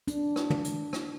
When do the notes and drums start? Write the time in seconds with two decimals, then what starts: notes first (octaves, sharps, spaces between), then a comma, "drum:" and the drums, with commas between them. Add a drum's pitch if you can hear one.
0.08 D4, drum: hi-hat
0.36 drum: rim click
0.50 drum: tom
0.64 drum: hi-hat
0.93 drum: rim click